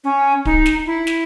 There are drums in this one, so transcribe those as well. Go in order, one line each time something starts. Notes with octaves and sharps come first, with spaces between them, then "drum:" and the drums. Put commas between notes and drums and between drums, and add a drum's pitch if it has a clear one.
C#4
D#4, drum: kick D1
drum: snare
E4
drum: snare